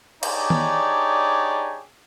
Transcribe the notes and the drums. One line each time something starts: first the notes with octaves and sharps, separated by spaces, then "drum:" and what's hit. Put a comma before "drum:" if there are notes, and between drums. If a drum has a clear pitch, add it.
D4 D#4 G4 G#4 C#5 D5, drum: cymbal
drum: tom D#3